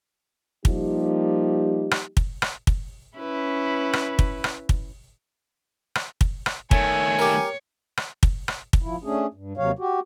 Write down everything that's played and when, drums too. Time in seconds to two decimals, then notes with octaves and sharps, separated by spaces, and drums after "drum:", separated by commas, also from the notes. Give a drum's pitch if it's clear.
0.65 F3 G3 A#3 D#4 G4, drum: kick
1.91 drum: rim click
2.17 drum: kick
2.42 drum: rim click
2.67 drum: kick
3.17 C#4 E4 B4
3.93 drum: rim click
4.19 drum: kick
4.44 drum: rim click
4.69 drum: kick
5.95 drum: rim click
6.21 drum: kick
6.46 drum: rim click
6.71 D#3 A3 C#5 G#5, drum: kick
7.19 G4 A#4
7.97 drum: rim click
8.23 drum: kick
8.48 drum: rim click
8.73 drum: kick
8.82 F3 E4
9.04 A3 C#4 D4 G#4
9.34 G2
9.57 D#2 C3 F#3 C#5 F5
9.79 F#4 G4